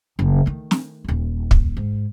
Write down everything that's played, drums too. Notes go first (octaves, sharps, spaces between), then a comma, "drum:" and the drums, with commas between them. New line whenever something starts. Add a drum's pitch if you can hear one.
F#1
D#3 A3
drum: snare
D#1 D#2
drum: kick
G#2